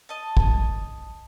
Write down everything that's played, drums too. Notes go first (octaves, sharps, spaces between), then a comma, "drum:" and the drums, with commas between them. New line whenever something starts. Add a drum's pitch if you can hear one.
D#5 A5
drum: kick